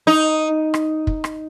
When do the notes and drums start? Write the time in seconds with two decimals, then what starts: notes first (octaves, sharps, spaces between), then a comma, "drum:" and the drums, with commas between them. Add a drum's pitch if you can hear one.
0.07 D#4
0.74 drum: rim click
1.07 drum: kick
1.24 drum: rim click